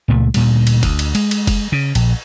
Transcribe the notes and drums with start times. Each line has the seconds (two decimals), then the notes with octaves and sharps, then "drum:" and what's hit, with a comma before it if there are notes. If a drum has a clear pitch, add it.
0.08 C#2 A#2 A3
0.34 D2 A#2 G3, drum: cymbal
0.67 drum: cymbal
0.83 D2, drum: kick, cymbal
0.99 drum: cymbal
1.15 G#3, drum: cymbal
1.31 drum: cymbal
1.47 drum: kick, cymbal
1.72 C#3
1.95 A#1, drum: cymbal